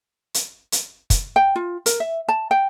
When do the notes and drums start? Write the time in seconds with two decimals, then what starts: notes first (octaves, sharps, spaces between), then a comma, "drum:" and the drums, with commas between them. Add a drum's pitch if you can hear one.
0.34 drum: hi-hat
0.72 drum: hi-hat
1.10 drum: kick, hi-hat
1.36 G5
1.56 F4
1.86 A#4, drum: hi-hat
2.00 E5
2.28 A5
2.51 G5